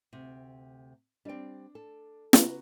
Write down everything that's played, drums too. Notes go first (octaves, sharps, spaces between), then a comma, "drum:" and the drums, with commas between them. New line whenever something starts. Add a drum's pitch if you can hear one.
D2 C3
G3 C4 D4 D5 D7
A4
C#3 B3 F#4, drum: snare